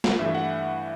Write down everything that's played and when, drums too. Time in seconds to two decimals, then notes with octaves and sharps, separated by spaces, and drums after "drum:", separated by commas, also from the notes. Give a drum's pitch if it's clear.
0.04 drum: snare
0.19 G2 E3 A3 E5
0.35 F#5